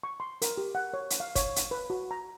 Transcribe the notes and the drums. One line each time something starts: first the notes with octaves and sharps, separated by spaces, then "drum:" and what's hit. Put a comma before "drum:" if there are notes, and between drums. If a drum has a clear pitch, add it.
C#6
C6
A#4, drum: hi-hat
G4
F#5
C#5
drum: hi-hat
F5
C#5, drum: kick, hi-hat
drum: hi-hat
B4
F#4
A#5